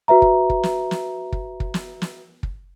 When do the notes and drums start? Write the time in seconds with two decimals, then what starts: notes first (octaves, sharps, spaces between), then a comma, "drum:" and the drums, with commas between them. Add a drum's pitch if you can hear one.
0.08 F#4 B4 E5 A#5
0.22 drum: kick
0.50 drum: kick
0.63 drum: snare
0.91 drum: snare
1.32 drum: kick
1.60 drum: kick
1.74 drum: snare
2.02 drum: snare
2.43 drum: kick